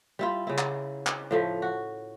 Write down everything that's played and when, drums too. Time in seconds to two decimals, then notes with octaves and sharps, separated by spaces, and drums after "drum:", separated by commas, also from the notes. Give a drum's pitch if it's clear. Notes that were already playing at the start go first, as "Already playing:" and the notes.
0.19 G3 E4 F4
0.47 C#3 E4
0.58 drum: clap
1.07 drum: clap
1.31 A2 F3 A3
1.62 F#4